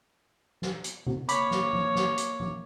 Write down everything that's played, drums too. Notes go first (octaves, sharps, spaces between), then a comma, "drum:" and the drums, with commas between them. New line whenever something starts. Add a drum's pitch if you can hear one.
drum: snare
drum: hi-hat
drum: tom C#3
A#3 C#5 B5 D6, drum: hi-hat
drum: snare
drum: tom F3
drum: snare
drum: hi-hat
drum: tom F3